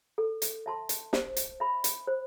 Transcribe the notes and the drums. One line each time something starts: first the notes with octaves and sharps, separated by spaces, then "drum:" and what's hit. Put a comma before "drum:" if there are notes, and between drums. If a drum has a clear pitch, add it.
A4
drum: hi-hat
E5 A5 C6
drum: hi-hat
C5, drum: snare
drum: hi-hat
E5 B5
drum: hi-hat
C5